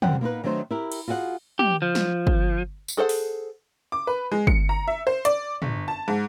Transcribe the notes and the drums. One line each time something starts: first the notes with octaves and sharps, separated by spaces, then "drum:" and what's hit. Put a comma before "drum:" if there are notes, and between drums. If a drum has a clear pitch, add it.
F#2 C3 G3 F#5 G5, drum: tom
A#3 B3 D#4 B4
D#3 F#3 A3 D4 C5 C#5
E4 G4 A#4
drum: cymbal
F4 F#4 G#4 F5 F#5
G4, drum: tom
F3
drum: snare
drum: kick
drum: tambourine
G#4 A4 C5 F#5
drum: open hi-hat
D6
B4
G#3
C#7, drum: kick
A#5
E5
C5
D5, drum: hi-hat
G1, drum: tom
A5
G#2